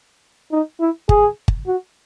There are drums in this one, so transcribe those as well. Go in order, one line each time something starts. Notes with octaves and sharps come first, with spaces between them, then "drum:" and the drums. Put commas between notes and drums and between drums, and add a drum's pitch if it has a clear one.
D#4
E4
G#4, drum: kick G1
drum: kick G1
F#4